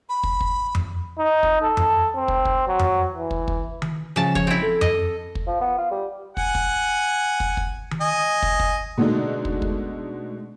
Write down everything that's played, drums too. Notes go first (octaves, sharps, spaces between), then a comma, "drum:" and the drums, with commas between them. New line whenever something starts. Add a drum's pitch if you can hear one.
B5
drum: kick
drum: kick
drum: tom F2
D#4
drum: kick
A4
drum: tom F2
C4
drum: kick
drum: kick
F#3
drum: tom F2
E3
drum: kick
drum: kick
drum: tom D#3
C#3 F3 A5
C#5, drum: kick
C4 E4
A4
D#5, drum: tom F2
drum: kick
F3
B3
F4
G3
F#5 G#5, drum: kick
drum: kick
drum: kick
drum: kick
drum: tom D#3
D#5 G#5
drum: kick
drum: kick
B2 D3 G#3 A3 D4 D#4
drum: kick
drum: kick